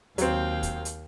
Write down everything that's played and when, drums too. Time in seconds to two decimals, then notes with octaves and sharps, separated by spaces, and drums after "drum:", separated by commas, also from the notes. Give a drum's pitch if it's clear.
0.18 D#2 F#3 C4 F5 G5, drum: hi-hat
0.63 drum: kick, hi-hat
0.85 drum: hi-hat